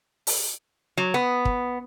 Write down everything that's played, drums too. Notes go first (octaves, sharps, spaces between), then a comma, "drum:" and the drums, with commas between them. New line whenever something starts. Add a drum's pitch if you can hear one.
drum: open hi-hat
F#3
B3
drum: kick